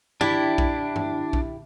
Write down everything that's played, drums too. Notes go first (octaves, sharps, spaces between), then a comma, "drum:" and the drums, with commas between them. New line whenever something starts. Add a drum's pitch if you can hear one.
D4 E4 G4, drum: tom G2
drum: kick A#1
drum: tom G2
drum: kick A#1